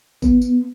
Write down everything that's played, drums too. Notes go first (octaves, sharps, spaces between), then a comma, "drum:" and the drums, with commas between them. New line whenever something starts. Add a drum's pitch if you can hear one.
B3, drum: kick G#1, tambourine
drum: tambourine